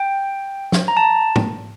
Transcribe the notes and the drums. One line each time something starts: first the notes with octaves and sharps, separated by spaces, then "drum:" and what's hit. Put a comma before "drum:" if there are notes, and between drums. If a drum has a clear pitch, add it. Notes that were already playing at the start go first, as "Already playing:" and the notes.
Already playing: G5
drum: snare
A#5
A5
drum: tom G#2